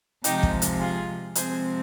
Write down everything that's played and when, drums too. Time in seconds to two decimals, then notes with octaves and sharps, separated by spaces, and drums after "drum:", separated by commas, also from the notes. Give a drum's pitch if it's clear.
0.24 C3 F3 G#3 D#4 G4, drum: hi-hat
0.43 drum: kick
0.62 drum: hi-hat
0.80 F4 G#4
1.35 C3 F3 G#3 C4 G#4 C5, drum: hi-hat